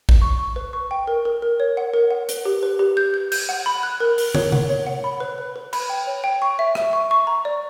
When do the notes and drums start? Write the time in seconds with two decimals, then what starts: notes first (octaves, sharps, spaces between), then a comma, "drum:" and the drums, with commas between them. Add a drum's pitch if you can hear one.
0.09 drum: kick A1
0.22 C#6
0.39 C#6
0.56 B4
0.73 C#6
0.91 G5
1.07 A#4
1.25 A#4
1.42 A#4
1.60 C#5
1.77 F#5
1.94 A#4
2.11 F#5
2.29 B4, drum: hi-hat
2.45 G4
2.63 B4
2.79 G4
2.97 G6
3.14 G6
3.32 G6, drum: cymbal
3.49 F#5
3.66 B5
3.83 F#6
4.00 A#4
4.18 A#4, drum: open hi-hat
4.35 C#5, drum: tom
4.52 F#5, drum: tom C3
4.69 C#5
4.87 F#5
5.04 B5
5.20 B4
5.38 B4
5.56 B4
5.73 B5, drum: cymbal
5.89 G5
6.07 C#5
6.24 G5
6.42 C#6
6.59 E5
6.75 E5, drum: rim click
6.93 C#6
7.11 C#6
7.27 A#5
7.45 D5